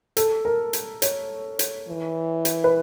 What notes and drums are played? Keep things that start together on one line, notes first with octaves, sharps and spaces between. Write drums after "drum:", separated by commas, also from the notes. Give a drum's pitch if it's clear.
A4, drum: hi-hat
A#4
drum: hi-hat
C#5, drum: hi-hat
drum: hi-hat
E3
drum: hi-hat
B4